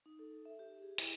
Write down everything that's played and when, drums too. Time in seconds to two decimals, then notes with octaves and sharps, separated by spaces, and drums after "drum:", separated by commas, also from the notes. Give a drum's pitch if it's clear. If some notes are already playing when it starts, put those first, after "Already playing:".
0.06 D#4
0.19 A4
0.46 E5
0.59 G4
0.82 G#4
0.98 E4, drum: hi-hat